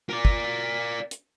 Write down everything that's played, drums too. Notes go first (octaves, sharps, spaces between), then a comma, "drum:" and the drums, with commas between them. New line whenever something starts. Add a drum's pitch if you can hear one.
A#4 D5
drum: kick
drum: hi-hat